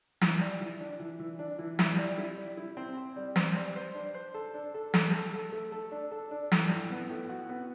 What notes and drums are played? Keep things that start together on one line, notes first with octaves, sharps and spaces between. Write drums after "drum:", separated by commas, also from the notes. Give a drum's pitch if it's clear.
E3, drum: snare
G3
E3
D4
E3
E3
D4
E3
E4, drum: snare
G3
E4
G3
E4
C4
C4
G3
C5, drum: snare
G3
C5
D4
C5
A4
D4
A4
A3, drum: snare
A4
A4
A3
A4
D4
A4
D4
A2, drum: snare
A2
B3
A2
F#4
B3